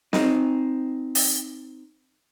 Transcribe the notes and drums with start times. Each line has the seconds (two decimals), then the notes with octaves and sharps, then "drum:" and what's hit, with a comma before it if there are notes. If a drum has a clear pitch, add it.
0.13 C4 D#4, drum: snare
1.15 drum: open hi-hat